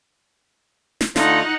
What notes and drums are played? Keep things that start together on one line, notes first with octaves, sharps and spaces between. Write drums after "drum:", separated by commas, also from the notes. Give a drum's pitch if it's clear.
drum: snare
D3 A3 D#4 F4 F#5, drum: snare